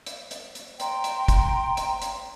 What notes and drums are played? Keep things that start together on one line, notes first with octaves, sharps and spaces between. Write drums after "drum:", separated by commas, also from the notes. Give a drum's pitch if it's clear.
drum: hi-hat
drum: hi-hat
drum: hi-hat
G5 A#5 C6, drum: hi-hat
drum: hi-hat
drum: kick, hi-hat
drum: hi-hat
drum: hi-hat